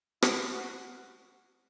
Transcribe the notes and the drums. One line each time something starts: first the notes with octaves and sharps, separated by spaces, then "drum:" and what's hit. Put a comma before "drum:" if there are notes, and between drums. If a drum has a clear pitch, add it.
E4, drum: rim click
F#4